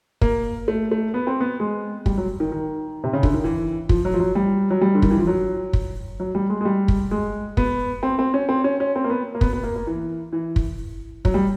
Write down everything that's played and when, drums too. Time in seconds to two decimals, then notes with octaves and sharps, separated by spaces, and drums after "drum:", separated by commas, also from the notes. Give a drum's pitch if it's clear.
0.21 A#3, drum: kick
0.68 A3
0.91 A3
1.14 B3
1.27 C4
1.41 B3
1.60 G#3
2.06 G3, drum: kick
2.18 F#3
2.40 D#3
2.52 D#3
3.04 C3
3.13 C#3
3.23 D3, drum: kick
3.34 D#3
3.44 E3
3.89 F3, drum: kick
4.05 F#3
4.14 F3
4.20 F#3
4.35 G3
4.70 F#3
4.81 G3
4.95 D3
5.02 D#3, drum: kick
5.10 E3
5.19 F3
5.27 F#3
5.73 drum: kick
6.20 F#3
6.35 G3
6.50 G#3
6.61 G#3
6.65 G3
6.88 drum: kick
7.11 G#3
7.57 B3, drum: kick
8.03 C4
8.19 C4
8.34 C#4
8.49 C4
8.64 C#4
8.80 C#4
8.96 C4
9.04 A#3
9.10 B3
9.35 A#3
9.41 B3, drum: kick
9.53 B3
9.64 A#3
9.76 A#3
9.87 E3
10.33 E3
10.56 drum: kick
11.25 F#3, drum: kick
11.34 G3